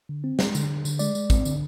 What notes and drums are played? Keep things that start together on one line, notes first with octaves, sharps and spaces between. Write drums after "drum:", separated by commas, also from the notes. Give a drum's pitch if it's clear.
D3
C4
G#3, drum: snare
D3, drum: tambourine
D3
D3, drum: tambourine
G#3 D5, drum: tambourine
G#3, drum: tambourine
C4, drum: kick, tambourine
D3, drum: tambourine